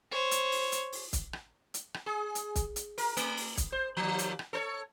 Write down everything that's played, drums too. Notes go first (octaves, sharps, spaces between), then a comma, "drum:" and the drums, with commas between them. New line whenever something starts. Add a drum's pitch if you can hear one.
C5 C#5
drum: hi-hat
drum: open hi-hat
drum: hi-hat
drum: open hi-hat
drum: kick, hi-hat
drum: rim click
drum: hi-hat
drum: rim click
G#4
drum: hi-hat
drum: kick, hi-hat
drum: hi-hat
A#4, drum: open hi-hat
A3, drum: hi-hat
drum: open hi-hat
drum: kick, hi-hat
C5
D#2 F3
drum: hi-hat
drum: rim click
A4 C5 C#5